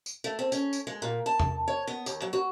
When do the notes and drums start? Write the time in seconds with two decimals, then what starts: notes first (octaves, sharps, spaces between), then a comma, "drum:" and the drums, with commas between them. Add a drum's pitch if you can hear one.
0.06 drum: tambourine
0.24 A3
0.39 C4
0.52 C#4, drum: tambourine
0.73 drum: tambourine
0.87 G#3
1.02 A#2
1.26 A5
1.40 drum: tom E2
1.68 C#5
1.87 B3
2.06 D#2, drum: tambourine
2.22 F#3
2.33 F#4